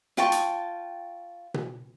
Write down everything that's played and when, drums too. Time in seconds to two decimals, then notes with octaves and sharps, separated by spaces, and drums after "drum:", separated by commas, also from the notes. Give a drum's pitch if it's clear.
0.17 F4 G5 A5 C#6, drum: snare
0.32 drum: hi-hat
1.54 drum: tom B2